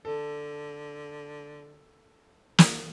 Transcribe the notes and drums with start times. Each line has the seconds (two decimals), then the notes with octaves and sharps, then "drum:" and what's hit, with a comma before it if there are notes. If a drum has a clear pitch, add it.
0.05 D3 A4
2.58 drum: snare